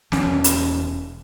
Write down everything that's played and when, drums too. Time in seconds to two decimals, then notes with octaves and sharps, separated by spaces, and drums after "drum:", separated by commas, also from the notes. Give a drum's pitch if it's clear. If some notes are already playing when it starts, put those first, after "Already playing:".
0.12 E1 C#4, drum: snare
0.44 drum: hi-hat